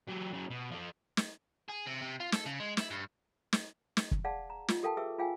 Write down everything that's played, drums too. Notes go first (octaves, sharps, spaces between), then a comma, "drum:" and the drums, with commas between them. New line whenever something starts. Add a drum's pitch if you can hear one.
F#3 G4
C#3 F#3
B2
F3 A4
drum: snare
G#4
C3
C3
F4
A4, drum: snare
C#3
G#3
E4, drum: snare
G2
drum: snare
drum: snare
drum: kick
G#4 D5 F5 F#5 A5
A#5
F4, drum: snare
G4 A4 A#4 F5 G5 A5
G4 G#4 B4 E5 D6 E6
F4 G#4 F5 G5 G#5